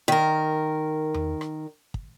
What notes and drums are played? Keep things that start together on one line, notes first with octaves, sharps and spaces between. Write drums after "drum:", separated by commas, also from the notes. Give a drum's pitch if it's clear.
D#3 A#4
drum: tom E2
drum: rim click
drum: kick